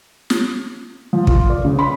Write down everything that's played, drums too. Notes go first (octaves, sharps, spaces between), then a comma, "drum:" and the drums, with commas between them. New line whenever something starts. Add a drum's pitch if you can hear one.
drum: snare
F3
F4, drum: kick
D5
C#3
B5